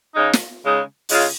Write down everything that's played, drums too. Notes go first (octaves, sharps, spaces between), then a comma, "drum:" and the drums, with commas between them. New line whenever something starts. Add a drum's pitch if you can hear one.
C#3 G#3 D#4
drum: snare
C#3 G#3 D#4
C#3 G#3 F4 G#4, drum: open hi-hat